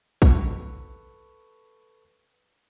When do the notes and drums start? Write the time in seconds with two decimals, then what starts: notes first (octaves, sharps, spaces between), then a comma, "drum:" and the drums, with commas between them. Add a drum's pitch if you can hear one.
0.22 A4 B4 C#6, drum: kick